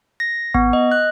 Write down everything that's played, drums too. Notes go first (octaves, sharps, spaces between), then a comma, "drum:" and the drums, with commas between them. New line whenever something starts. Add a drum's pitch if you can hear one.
A#6
B3, drum: kick G#1
D#5
F#6